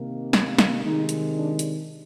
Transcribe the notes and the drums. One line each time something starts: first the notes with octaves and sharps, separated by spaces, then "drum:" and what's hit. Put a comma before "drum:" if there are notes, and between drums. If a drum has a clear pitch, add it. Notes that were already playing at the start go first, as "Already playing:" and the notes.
Already playing: C3 D#3 A#3
drum: snare
drum: snare
C3 D#3 G#3 D#4
drum: hi-hat
D4
drum: hi-hat